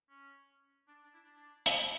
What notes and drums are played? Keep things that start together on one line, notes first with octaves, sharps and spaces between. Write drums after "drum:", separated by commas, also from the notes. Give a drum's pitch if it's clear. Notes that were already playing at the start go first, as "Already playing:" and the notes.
C#4
D4
D4
E4
D4
D4
E4, drum: hi-hat